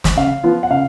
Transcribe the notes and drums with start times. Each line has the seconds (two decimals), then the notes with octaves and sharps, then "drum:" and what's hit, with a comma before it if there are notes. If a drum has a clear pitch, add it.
0.04 drum: snare
0.17 C#3 F5
0.43 F3 B3 F4
0.63 F#5
0.71 C#3 F5